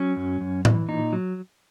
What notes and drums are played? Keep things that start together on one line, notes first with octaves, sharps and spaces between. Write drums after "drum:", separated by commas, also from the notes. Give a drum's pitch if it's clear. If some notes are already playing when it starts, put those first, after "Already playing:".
Already playing: F#3 C#4
F#2
F#2
E3, drum: tom A2
A#2 D#4
F#3